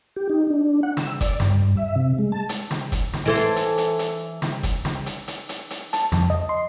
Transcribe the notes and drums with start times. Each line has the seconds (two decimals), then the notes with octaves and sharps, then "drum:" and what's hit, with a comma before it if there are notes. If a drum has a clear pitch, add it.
0.16 G4
0.30 D#4
0.50 D4
0.83 F#5
0.97 E6, drum: snare
1.21 D5, drum: kick F#1, hi-hat
1.40 G2, drum: snare
1.77 E5
1.96 C3
2.19 G#3
2.32 A5
2.49 drum: hi-hat
2.71 drum: snare
2.92 drum: kick F#1, hi-hat
3.13 drum: snare
3.26 E3 A4 C5
3.35 drum: hi-hat
3.56 drum: hi-hat
3.78 drum: hi-hat
3.99 drum: hi-hat
4.42 drum: snare
4.63 drum: kick F#1, hi-hat
4.85 drum: snare
5.06 drum: hi-hat
5.28 drum: hi-hat
5.49 drum: hi-hat
5.70 drum: hi-hat
5.93 A5, drum: hi-hat
6.12 F2, drum: snare
6.30 D#5
6.49 C6